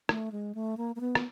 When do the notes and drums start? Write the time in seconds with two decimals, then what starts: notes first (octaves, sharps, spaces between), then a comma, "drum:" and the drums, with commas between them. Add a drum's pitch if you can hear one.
0.09 A3, drum: rim click
0.32 G#3
0.55 A3
0.77 A#3
0.96 A#3
1.00 B3
1.15 drum: rim click